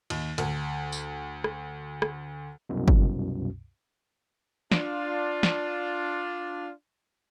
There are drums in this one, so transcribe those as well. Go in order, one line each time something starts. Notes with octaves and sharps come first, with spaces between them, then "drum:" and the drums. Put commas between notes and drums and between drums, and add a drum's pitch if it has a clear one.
D#2, drum: cymbal
D2, drum: hi-hat
drum: tambourine
drum: rim click
drum: rim click
C2 F#2 B2
drum: kick
D4 F4, drum: snare
drum: snare